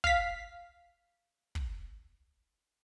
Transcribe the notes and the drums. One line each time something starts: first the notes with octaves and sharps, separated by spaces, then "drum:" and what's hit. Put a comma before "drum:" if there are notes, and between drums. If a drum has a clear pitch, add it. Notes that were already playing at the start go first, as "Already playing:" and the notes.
F5 B6, drum: kick
drum: kick